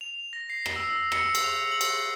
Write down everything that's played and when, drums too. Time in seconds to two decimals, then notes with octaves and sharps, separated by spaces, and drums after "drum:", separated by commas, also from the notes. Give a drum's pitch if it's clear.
0.01 F7
0.33 A#6
0.50 C7
0.66 drum: rim click
0.76 E6
1.12 C#7, drum: rim click
1.35 drum: cymbal
1.44 F7
1.72 F#7
1.81 drum: cymbal
1.96 C7